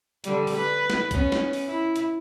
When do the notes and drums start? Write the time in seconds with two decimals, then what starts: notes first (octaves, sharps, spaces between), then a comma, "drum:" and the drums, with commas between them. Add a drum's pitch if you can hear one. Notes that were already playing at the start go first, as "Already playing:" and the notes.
0.24 D3 G3, drum: hi-hat
0.47 drum: open hi-hat
0.56 B4
0.90 drum: snare
1.11 B3 C#4, drum: kick, hi-hat
1.32 drum: snare
1.53 drum: open hi-hat
1.67 E4
1.96 drum: hi-hat